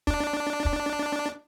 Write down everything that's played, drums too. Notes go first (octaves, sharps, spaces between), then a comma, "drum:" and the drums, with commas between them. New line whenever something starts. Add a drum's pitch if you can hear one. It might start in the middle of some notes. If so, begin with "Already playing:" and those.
D4, drum: kick
drum: kick